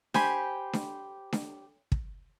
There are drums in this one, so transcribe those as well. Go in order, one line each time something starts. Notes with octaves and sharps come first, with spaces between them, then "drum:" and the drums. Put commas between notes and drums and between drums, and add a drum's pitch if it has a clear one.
G4 C5 G#5 B5, drum: snare D4
drum: snare D4
drum: snare D4
drum: kick